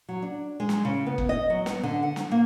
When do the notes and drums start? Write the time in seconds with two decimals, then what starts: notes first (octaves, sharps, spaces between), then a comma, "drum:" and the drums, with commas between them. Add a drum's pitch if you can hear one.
0.09 F#3
0.22 D4
0.60 G#3
0.69 drum: snare
0.85 C#3
1.06 B3
1.18 drum: kick F#1
1.29 D#5
1.50 F#3
1.66 B3, drum: snare
1.83 D3
2.03 F#5
2.16 drum: snare
2.31 A#3